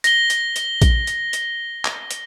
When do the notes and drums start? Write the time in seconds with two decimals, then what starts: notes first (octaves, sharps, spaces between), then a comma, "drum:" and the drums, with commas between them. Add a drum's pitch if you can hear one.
0.04 A#6 G7, drum: hi-hat
0.30 drum: hi-hat
0.56 drum: hi-hat
0.82 drum: kick A#1, hi-hat
1.07 drum: hi-hat
1.33 drum: hi-hat
1.85 drum: clap
2.11 drum: hi-hat